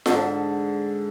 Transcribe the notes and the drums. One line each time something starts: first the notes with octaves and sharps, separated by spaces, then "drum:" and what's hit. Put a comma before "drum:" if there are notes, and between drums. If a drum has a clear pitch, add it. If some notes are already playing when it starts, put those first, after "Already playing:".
G#2 D3 A4, drum: snare F4